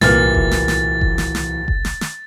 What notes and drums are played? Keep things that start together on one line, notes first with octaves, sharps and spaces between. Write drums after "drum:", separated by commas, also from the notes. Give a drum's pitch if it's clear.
D1 C2 A#2 E3 A#3 B4 F6 A6, drum: snare
drum: kick F#1
drum: snare
drum: snare
drum: kick F#1
drum: snare
drum: snare
drum: kick F#1
drum: snare
drum: snare